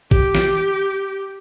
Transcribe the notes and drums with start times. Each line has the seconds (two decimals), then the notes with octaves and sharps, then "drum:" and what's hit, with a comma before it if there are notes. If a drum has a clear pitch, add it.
0.11 G4, drum: kick G#1
0.35 drum: snare